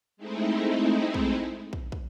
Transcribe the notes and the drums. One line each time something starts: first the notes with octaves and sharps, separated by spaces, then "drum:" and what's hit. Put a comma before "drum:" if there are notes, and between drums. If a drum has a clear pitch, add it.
G#3 A3 C4 D#4 E4
drum: kick
drum: kick
drum: kick